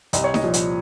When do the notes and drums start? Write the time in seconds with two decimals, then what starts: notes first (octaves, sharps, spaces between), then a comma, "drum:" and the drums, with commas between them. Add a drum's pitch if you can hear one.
0.13 C2 D#5, drum: hi-hat
0.24 C#5
0.34 D#5, drum: snare D#4
0.43 A#2 F3
0.54 drum: hi-hat